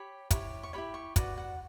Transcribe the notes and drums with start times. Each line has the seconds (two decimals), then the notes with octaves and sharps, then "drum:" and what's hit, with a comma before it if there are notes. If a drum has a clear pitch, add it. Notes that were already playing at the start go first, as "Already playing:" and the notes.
Already playing: G4 C#5 B5
0.31 E4 G4 C#5, drum: kick, hi-hat
0.63 C#6
0.73 E4 G4 C#5 B5
0.94 C#6
1.16 F#4 B4 D5 F#5, drum: kick, hi-hat
1.38 F#5